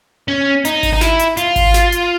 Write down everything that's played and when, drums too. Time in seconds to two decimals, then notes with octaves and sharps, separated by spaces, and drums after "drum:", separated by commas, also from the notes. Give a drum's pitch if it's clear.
0.28 C#4
0.65 D#4, drum: hi-hat
0.83 drum: kick G#1, open hi-hat
0.93 D#4
1.01 E4, drum: snare
1.19 drum: hi-hat
1.37 F4, drum: hi-hat
1.56 drum: kick G#1, open hi-hat
1.74 drum: snare
1.92 drum: hi-hat